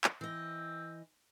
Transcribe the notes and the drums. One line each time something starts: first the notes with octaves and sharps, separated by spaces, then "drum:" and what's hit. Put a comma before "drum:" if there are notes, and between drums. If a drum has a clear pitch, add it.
drum: clap
E3 C4 D#5